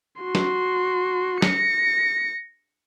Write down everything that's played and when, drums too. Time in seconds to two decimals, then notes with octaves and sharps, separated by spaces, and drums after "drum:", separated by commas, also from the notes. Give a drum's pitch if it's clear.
0.22 F#4 C6
0.35 drum: snare
1.42 A#6 C#7, drum: snare